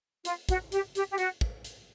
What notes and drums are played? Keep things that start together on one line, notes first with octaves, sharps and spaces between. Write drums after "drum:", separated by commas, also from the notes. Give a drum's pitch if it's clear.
F4, drum: hi-hat
F#4, drum: kick, hi-hat
G4, drum: hi-hat
G4, drum: hi-hat
G4
F#4, drum: hi-hat
drum: kick
drum: hi-hat